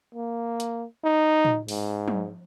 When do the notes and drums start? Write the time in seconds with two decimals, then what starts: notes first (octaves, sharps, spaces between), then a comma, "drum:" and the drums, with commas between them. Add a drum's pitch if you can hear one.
0.15 A#3
0.60 drum: hi-hat
1.04 D#4
1.45 drum: tom
1.68 G#2, drum: open hi-hat
2.08 drum: tom